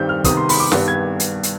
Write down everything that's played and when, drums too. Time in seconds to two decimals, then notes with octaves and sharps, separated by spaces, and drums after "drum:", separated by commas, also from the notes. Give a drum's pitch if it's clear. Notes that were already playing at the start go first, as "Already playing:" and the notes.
Already playing: G2 D#3 G3 C4 G6
0.09 F6
0.24 C3 D#3 B3 D#6, drum: kick, hi-hat
0.37 C6
0.49 B5, drum: open hi-hat
0.60 D6
0.72 G2 D#3 G3 B3 D4, drum: snare
0.88 G#6
1.20 drum: hi-hat
1.43 drum: hi-hat